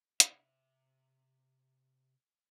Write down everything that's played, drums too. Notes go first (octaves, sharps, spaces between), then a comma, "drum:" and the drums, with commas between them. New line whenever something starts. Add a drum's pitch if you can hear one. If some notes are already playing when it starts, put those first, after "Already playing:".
C3 E5, drum: hi-hat